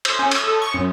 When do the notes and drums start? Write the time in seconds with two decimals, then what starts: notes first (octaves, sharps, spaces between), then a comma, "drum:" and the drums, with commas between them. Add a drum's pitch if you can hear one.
0.05 C5, drum: cymbal
0.19 C#4
0.31 G#6, drum: cymbal
0.43 A4
0.62 C#6
0.74 F#2